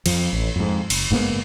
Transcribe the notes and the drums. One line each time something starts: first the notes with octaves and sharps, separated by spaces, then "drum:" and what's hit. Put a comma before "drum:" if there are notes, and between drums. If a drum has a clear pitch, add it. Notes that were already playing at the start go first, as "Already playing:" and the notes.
F2 F3, drum: cymbal
A1
F2 G#2
F#1, drum: cymbal
F#1 G#2 A#3 B3